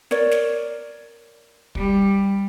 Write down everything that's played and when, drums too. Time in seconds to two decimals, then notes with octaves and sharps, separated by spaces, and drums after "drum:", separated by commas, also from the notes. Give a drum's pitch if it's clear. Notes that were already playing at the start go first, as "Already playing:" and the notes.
0.11 A#4 C#5 D5, drum: snare
0.31 drum: snare
1.75 G3, drum: kick